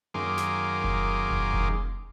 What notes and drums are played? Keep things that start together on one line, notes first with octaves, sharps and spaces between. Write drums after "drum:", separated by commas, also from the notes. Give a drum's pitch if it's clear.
F#2 D#3 A#3 G#4 C6 D6
drum: snare
drum: kick F1
drum: kick F1
drum: kick F1